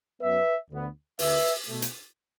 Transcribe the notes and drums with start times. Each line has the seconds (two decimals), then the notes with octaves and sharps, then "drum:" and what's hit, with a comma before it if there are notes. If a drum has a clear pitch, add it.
0.21 F#2 F#3 B3 B4 E5
0.70 D2 D3 B3
1.19 D2 D3 A3 B4 E5, drum: open hi-hat
1.67 B2 A3
1.82 drum: hi-hat